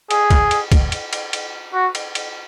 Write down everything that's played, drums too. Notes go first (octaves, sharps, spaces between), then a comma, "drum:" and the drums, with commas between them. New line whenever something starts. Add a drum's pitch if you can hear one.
G#4, drum: cymbal
drum: kick, cymbal
drum: cymbal
drum: kick, cymbal
drum: cymbal
drum: cymbal
drum: cymbal
F#4
drum: cymbal
drum: cymbal